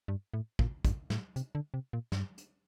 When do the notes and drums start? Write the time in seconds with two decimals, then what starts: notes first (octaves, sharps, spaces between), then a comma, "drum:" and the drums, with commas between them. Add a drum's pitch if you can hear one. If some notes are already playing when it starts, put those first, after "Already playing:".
0.08 G2
0.34 A2
0.59 A#2, drum: kick
0.85 G2, drum: kick, hi-hat
1.10 A2, drum: snare
1.36 C3, drum: hi-hat
1.55 D3
1.74 C3
1.93 A#2
2.12 G2, drum: snare
2.38 drum: hi-hat